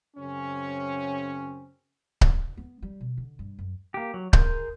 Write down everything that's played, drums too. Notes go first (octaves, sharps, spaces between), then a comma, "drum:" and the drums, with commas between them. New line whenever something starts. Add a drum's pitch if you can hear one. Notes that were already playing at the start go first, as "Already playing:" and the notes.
F#2 C#3 C4 C#4
drum: kick C#1
B3
G3
B2
D3
G2
F#2
A#3 G4
F#3
G#4 A#4 C6 G6, drum: kick C#1